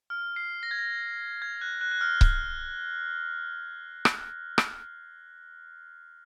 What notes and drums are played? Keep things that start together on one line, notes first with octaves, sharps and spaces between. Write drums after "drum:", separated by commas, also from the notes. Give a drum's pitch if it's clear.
F6
C7
A#6
G#6
A#6
G#6
F#6
F#6
F#6
F6
drum: kick C#1
drum: rim click
drum: rim click